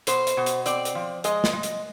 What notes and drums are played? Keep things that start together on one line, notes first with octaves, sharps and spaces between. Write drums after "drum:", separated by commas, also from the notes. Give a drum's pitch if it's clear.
B2 C5, drum: hi-hat
drum: hi-hat
B2
drum: hi-hat
C4 D5, drum: hi-hat
drum: hi-hat
F3
G#3 D#5, drum: hi-hat
drum: snare
G#3 D#5
drum: hi-hat